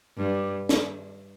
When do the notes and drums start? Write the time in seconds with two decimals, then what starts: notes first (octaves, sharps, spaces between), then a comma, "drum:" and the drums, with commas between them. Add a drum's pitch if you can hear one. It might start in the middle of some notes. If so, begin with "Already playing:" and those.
0.17 G2
0.69 drum: snare